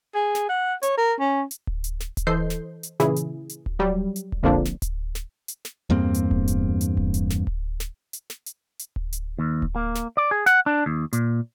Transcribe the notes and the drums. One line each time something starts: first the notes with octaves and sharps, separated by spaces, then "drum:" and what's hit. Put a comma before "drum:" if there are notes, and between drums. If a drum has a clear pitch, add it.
G#4
drum: snare
F#5
C#5, drum: hi-hat
A#4
C#4
drum: hi-hat
drum: kick D1
drum: hi-hat
drum: snare
drum: kick D1, hi-hat
E3 A4 C5 D#5 G6 C7
drum: snare
drum: hi-hat
A#2 C#3 E3 E4 G#4, drum: snare
drum: hi-hat
drum: hi-hat
drum: kick D1
F#3 G3
drum: hi-hat
drum: kick D1
A#1 F2 D3 F3 A#3 D4
drum: snare
drum: kick D1, hi-hat
drum: snare
drum: hi-hat
drum: snare
E2 G2 A#3 C4
drum: hi-hat
drum: kick D1
drum: hi-hat
drum: hi-hat
drum: kick D1
drum: hi-hat
drum: snare
drum: kick D1
drum: snare
drum: hi-hat
drum: snare
drum: hi-hat
drum: hi-hat
drum: kick D1
drum: hi-hat
D#2
drum: kick D1
A#3
drum: snare
D5
G#4
F#5, drum: snare
D4
D#2
A#2, drum: hi-hat